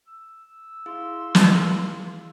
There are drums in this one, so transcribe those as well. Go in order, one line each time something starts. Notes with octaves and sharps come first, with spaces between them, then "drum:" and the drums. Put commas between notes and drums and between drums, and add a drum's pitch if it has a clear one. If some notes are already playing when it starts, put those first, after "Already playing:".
E6
E4 G#4 F5 C6
drum: snare